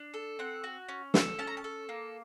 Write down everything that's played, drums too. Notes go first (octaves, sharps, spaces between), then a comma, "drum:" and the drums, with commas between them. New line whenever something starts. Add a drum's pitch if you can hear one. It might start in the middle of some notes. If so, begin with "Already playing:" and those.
Already playing: D4
A4
C4 F#5
F#4
C#4
A4, drum: snare
C#4 A5
A#5
A5
A4
A#3